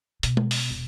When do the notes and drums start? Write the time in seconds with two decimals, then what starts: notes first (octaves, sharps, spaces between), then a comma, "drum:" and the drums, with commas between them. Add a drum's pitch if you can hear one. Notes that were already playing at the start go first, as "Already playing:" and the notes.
0.23 B2, drum: hi-hat
0.37 drum: tom
0.51 drum: open hi-hat
0.70 E1